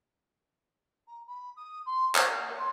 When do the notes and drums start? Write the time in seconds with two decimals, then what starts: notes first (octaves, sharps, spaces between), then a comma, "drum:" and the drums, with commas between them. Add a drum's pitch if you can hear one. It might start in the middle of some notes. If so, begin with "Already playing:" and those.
1.08 A#5
1.28 B5
1.57 D#6
1.86 C6
2.15 C5, drum: clap
2.29 A#4
2.58 C6